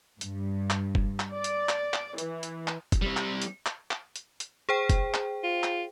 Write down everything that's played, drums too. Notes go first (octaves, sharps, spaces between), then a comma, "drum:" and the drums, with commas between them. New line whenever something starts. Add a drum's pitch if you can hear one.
G2, drum: hi-hat
drum: clap
drum: kick
drum: clap
D5
drum: hi-hat
drum: clap
drum: clap
E3, drum: hi-hat
drum: hi-hat
drum: clap
drum: kick, hi-hat
G3 C4
drum: clap
drum: hi-hat
drum: clap
drum: clap
drum: hi-hat
drum: hi-hat
G#4 C5 G5
drum: kick, hi-hat
drum: clap
F4
drum: clap